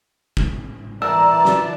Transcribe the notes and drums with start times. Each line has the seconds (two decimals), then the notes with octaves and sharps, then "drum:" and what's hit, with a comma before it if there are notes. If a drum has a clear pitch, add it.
0.37 drum: kick
1.02 E3 A#4 D5 A5 A#5 E6
1.45 drum: snare